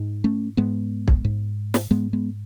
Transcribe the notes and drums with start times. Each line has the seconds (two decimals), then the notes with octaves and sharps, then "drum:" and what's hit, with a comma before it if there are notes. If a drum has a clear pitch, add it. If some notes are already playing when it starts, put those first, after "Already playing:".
Already playing: G#2
0.24 A3 C#4
0.57 G#2 G#3 B3
1.08 drum: kick
1.25 G#2
1.74 drum: snare
1.91 G#2 G#3 B3
2.13 G#3 B3